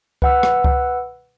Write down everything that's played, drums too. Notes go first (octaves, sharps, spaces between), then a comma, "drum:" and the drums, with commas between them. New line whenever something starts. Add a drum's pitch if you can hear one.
B4 F#5 E6, drum: kick C#2
drum: rim click
drum: kick C#2